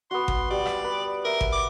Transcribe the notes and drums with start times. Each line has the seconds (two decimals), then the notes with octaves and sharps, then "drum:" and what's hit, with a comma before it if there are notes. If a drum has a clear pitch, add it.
0.11 B3 F#4 C6
0.28 drum: kick G#1
0.51 G3 D5
0.66 drum: rim click
0.84 B4
1.25 A#4 E5
1.41 drum: kick G#1
1.52 D6